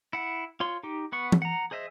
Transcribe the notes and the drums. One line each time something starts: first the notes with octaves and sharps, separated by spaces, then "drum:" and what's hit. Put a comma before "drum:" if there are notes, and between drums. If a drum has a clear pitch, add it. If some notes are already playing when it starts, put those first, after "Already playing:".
E4 F#5
F4 C#5 C6
D#4 G4
B3 F#5 C#6
drum: tom
F#5 A#5
G#4 C5 D#5 E5